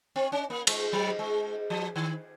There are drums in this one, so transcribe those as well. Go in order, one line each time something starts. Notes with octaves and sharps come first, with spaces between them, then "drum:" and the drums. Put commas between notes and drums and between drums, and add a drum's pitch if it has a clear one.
C4
C#4
A#3
G#3, drum: cymbal
F#3
G#3
F3
D#3